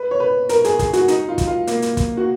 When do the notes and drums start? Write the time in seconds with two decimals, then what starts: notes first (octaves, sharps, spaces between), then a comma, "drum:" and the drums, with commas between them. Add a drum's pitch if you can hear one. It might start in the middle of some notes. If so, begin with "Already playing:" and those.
Already playing: B4
0.11 C#5
0.20 B4
0.49 A#4, drum: hi-hat
0.64 G#4, drum: hi-hat
0.79 G#4, drum: kick, hi-hat
0.93 F#4, drum: hi-hat
1.08 D#4, drum: hi-hat
1.28 F4
1.38 drum: kick, hi-hat
1.47 F4
1.67 A#3, drum: hi-hat
1.82 drum: hi-hat
1.97 drum: kick, hi-hat
2.17 F#4